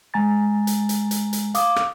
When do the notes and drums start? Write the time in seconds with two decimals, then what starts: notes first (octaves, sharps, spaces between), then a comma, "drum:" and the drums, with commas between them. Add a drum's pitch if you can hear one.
0.14 G#3 G#5 A#5 A6
0.67 drum: hi-hat
0.89 drum: hi-hat
1.11 drum: hi-hat
1.33 drum: hi-hat
1.55 F5 D6 D#6, drum: hi-hat
1.76 drum: rim click